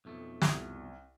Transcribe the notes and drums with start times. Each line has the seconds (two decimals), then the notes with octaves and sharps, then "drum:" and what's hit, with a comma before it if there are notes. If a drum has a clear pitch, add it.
0.05 B1 F2 A3
0.42 C2, drum: snare